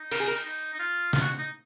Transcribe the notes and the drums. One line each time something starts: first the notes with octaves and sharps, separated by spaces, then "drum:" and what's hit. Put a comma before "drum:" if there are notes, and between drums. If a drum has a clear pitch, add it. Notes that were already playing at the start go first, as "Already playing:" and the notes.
Already playing: D#4
A#4, drum: open hi-hat
G#4
A#4
D#4
D#4
F4
F4, drum: snare
F#4
D#4